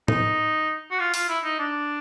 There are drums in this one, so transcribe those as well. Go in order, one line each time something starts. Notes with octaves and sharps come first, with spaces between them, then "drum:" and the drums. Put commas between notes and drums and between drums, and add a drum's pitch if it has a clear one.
D#4, drum: tom
F#4
F4
F4, drum: open hi-hat
E4
D#4
D4